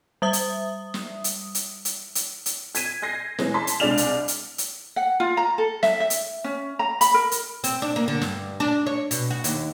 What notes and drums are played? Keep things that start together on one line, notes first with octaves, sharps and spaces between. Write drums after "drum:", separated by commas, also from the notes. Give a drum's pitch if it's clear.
G3 E5 D#6
drum: hi-hat
drum: snare
drum: hi-hat
drum: hi-hat
drum: hi-hat
drum: hi-hat
drum: hi-hat
G#6 B6 D#7, drum: hi-hat
G6 G#6 A#6 C7
E3 G#3 C#4, drum: snare
A5 C6 B6
drum: hi-hat
C2 G#3 D4 D5 F6 F7
drum: hi-hat
drum: hi-hat
drum: hi-hat
F#5
F4
A#5
A4
E5, drum: snare
E5
drum: hi-hat
C#4
A#5
B5, drum: hi-hat
A#4
drum: hi-hat
C4, drum: hi-hat
D4
A#3
D3
G2, drum: snare
D4
C#5
B2, drum: hi-hat
F#4
D#2, drum: hi-hat